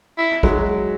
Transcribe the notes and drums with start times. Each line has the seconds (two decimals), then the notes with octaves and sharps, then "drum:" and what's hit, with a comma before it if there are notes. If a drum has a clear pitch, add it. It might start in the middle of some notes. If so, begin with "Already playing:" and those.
0.18 E4
0.43 F#3 G#3, drum: kick